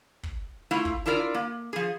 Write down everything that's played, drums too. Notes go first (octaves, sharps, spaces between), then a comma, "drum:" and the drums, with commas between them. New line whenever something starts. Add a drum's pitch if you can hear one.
drum: kick
A3 E4 F4 F5
drum: kick
D4 E4 F4 A#4 D5
A#3
F3 G#4